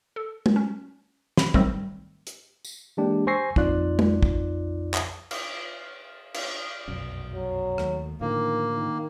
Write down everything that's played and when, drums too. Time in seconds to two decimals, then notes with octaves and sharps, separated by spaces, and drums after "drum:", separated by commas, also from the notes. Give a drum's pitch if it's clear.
0.16 A4
0.46 drum: tom G#3
0.56 C#4
1.37 B5, drum: snare
1.54 G#2 D#3 F#3 G3 A3 C4, drum: kick
2.27 drum: hi-hat
2.65 drum: tambourine
2.97 E3 G#3 A#3 D4 G4
3.27 C5 G#5 C#6 E6 A#6 C7
3.56 A#1 F2 D#4 F4 D5 F#6, drum: kick
3.99 drum: tom G#3
4.23 drum: kick
4.94 drum: clap
5.31 drum: cymbal
6.34 drum: cymbal
6.88 F1 B1 F#2
7.34 F#3
7.78 D#2 A3, drum: rim click
8.21 A2 D3 D#3 F3 A#3
8.75 D#3